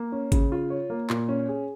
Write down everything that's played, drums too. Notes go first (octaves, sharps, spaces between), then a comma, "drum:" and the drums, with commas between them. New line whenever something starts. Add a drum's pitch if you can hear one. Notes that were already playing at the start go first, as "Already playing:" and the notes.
Already playing: A#3
C#4
C#3, drum: kick G1, hi-hat
F4
C#5
A#3
A#2, drum: clap
C#4
G#4